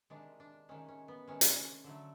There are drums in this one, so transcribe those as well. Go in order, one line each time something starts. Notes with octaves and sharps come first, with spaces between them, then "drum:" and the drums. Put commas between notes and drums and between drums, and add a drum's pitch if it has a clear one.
C3 D#3 G#3 D4
D4
C3 D#3 G#3 C#4
C#4
B3
C3 D#3 G#3 C#4
D4, drum: hi-hat
C#4
D3 F#3 A3